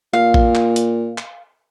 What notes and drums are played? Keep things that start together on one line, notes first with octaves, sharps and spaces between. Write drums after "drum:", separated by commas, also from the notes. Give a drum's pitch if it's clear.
A#2 F5
drum: kick A#1
drum: clap
drum: hi-hat
drum: clap